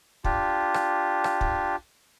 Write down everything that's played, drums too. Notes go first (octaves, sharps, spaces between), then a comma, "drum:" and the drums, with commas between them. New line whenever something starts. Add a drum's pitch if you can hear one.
D4 F4 G4, drum: kick
drum: rim click
drum: rim click
drum: kick